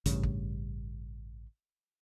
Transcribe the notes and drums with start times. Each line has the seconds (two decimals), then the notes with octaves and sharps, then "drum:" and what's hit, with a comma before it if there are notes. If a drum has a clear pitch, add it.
0.06 A1 G2 C#3, drum: hi-hat
0.23 drum: kick